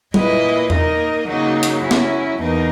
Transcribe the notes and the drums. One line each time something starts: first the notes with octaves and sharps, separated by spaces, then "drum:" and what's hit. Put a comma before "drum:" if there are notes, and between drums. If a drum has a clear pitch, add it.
A#2 A#3 E4 B4 D#5, drum: tom F#3
A#3 D#4 A#4 D#5, drum: tom E2
C#3 F#3 A#3 D#4 F#4
drum: hi-hat
F#3 C#4 E4
drum: snare
E2 B2 A#3 D#4 A#4